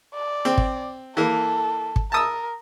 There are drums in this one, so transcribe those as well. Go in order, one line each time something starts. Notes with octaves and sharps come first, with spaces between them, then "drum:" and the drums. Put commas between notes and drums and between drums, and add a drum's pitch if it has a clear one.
D5
C4
drum: kick
E3 A#3 A4
drum: kick
A#4 A5 D#6 E6